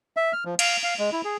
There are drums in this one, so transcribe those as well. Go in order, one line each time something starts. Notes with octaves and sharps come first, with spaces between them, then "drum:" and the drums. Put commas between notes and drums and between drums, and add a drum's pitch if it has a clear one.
E5
F6
F3
F5, drum: cymbal
F5
G#3
E4
G#4